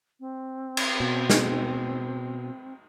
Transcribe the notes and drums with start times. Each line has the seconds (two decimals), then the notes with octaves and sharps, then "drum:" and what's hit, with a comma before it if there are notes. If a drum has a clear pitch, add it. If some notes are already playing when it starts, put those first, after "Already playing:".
0.20 C4
0.77 drum: cymbal
1.00 B2
1.30 drum: snare